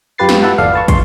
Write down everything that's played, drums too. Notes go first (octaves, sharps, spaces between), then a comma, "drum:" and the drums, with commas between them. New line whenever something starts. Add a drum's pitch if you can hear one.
F#2 F4 G4 B4 A6 C7
drum: snare
E4 B4 E5 F#5 A5
G1 E2 A4 D5 F5
B4 A5 C#6
C6, drum: kick, hi-hat